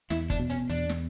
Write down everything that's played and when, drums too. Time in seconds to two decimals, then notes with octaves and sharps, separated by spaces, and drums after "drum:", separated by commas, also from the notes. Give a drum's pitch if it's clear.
0.10 E2 E4, drum: snare
0.30 D4, drum: kick F#1, hi-hat
0.40 B2
0.50 C#4, drum: hi-hat
0.69 E2 D4, drum: hi-hat
0.89 drum: snare